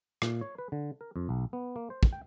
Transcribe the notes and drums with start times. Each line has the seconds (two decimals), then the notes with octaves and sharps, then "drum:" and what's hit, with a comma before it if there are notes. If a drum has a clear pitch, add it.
0.22 A#2, drum: rim click
0.41 C#5
0.58 B4
0.72 D3
1.01 A#4
1.16 F2
1.29 B1
1.53 B3
1.76 A#3
1.90 C5
2.03 drum: kick
2.13 G5